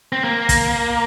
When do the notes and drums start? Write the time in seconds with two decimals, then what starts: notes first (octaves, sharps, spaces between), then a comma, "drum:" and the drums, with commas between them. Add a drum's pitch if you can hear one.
0.13 C4
0.24 A#3
0.49 drum: kick, hi-hat